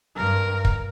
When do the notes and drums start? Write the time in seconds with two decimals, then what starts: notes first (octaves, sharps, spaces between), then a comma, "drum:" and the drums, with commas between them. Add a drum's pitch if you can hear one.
0.16 G2 A#4
0.65 drum: kick